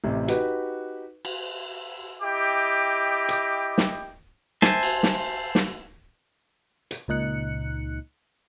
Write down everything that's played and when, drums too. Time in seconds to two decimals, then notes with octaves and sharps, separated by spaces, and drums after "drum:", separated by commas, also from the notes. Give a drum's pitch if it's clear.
0.04 A1 C3
0.28 D#4 F#4 G4 B4, drum: hi-hat
1.25 drum: cymbal
2.22 E4 G4 D#5 G5 D6
3.29 drum: hi-hat
3.78 drum: snare
4.62 C5 E5 G#5 A5, drum: snare
4.83 drum: cymbal
5.03 drum: snare
5.55 drum: snare
6.91 drum: hi-hat
7.08 C#2 A#2 D#4 F#6 C#7